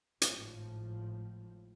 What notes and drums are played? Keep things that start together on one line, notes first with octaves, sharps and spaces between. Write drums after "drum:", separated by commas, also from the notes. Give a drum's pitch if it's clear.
G#1 A2 F3, drum: hi-hat